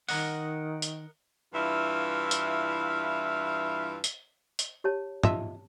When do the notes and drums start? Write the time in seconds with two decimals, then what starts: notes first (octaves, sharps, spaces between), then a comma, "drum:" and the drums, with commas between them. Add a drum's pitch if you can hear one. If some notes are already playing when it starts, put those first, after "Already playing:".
0.09 D#3 A#4 D#5 F#5, drum: open hi-hat
0.82 drum: hi-hat
1.54 G2 E3 E4 F4 E5 F5
2.31 drum: hi-hat
4.04 drum: hi-hat
4.59 drum: hi-hat
4.84 G4 C#5 A5
5.24 F4 D#5 E5 A5, drum: tom